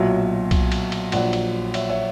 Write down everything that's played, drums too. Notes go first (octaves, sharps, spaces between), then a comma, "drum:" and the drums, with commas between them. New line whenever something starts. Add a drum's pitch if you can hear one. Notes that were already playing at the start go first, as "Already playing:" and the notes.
Already playing: B1 A#2 F#3 C#5 E5
drum: kick B1, cymbal
drum: cymbal
drum: cymbal
A#1 A#2 F#3 D5 F#5, drum: cymbal
drum: cymbal
C#5 E5, drum: cymbal
C#5 E5